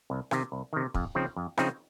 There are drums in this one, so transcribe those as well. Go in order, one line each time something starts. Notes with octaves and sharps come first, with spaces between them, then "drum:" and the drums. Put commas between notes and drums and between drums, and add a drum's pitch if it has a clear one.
C2
C3 D#3, drum: rim click
C2
C3 D#3
F2, drum: kick
C#3 F3 C4 D#4
F2
C#3 F3 C4 D#4, drum: rim click